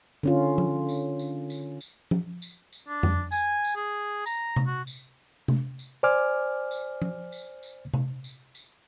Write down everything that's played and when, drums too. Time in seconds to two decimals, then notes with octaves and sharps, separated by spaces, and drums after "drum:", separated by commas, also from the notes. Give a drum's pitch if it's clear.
0.23 D3 C#4 F4
0.58 drum: tom F3
0.89 drum: tambourine
1.19 drum: tambourine
1.50 drum: tambourine
1.81 drum: tambourine
2.11 drum: tom F3
2.42 drum: tambourine
2.73 drum: tambourine
2.89 D4
3.03 drum: tom F2
3.32 G#5, drum: tambourine
3.64 drum: tambourine
3.76 G#4
4.26 A#5, drum: tambourine
4.56 drum: tom C3
4.67 F#4
4.87 drum: tambourine
5.48 drum: tom C3
5.79 drum: tambourine
6.03 C5 D5 G#5 D6 F6
6.71 drum: tambourine
7.02 drum: tom F3
7.32 drum: tambourine
7.63 drum: tambourine
7.94 drum: tom C3
8.24 drum: tambourine
8.55 drum: tambourine